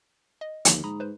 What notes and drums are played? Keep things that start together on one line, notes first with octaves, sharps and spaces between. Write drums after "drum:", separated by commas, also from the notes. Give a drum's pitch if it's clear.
D#5
D#2 D3 F3 A#3, drum: hi-hat
G#2 A#5 B5 D#6
B4 C5